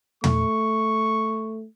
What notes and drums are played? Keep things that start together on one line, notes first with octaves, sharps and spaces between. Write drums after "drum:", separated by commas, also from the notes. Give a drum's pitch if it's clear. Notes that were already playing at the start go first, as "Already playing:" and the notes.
A3 C#6, drum: tom